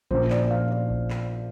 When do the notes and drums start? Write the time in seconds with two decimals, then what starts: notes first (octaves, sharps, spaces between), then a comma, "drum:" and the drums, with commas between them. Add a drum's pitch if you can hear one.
0.11 A#1 A#2 F3 C5, drum: kick A#1
0.30 D5, drum: clap
0.50 F5
0.71 D5
0.90 drum: kick A#1
1.10 drum: clap